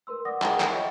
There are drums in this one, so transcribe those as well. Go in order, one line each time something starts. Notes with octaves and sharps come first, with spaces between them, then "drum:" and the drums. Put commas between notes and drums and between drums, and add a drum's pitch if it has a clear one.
A#4 B4 C6 E6
D5 F#5 D6 D#6 A#6
G#4 A#4 D#5 F#5 G5, drum: clap
F4 A4, drum: clap
C#5 D#5 E5 F#5 G5 C#6